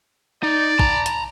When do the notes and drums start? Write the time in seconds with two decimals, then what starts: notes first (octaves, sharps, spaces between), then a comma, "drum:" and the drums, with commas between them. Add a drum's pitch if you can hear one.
0.43 D#4 D5
0.79 A5 A#5, drum: kick
1.06 drum: hi-hat